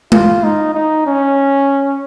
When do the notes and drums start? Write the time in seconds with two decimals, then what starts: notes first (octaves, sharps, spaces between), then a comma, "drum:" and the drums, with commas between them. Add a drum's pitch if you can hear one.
0.12 F4, drum: tom G#3
0.43 D#4
0.74 D#4
1.06 C#4